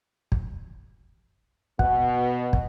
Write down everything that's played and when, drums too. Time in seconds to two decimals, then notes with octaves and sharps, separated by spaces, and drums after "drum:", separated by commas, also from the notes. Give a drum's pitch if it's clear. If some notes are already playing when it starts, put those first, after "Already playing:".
0.32 drum: kick
1.79 B2 F#5, drum: kick
2.53 drum: kick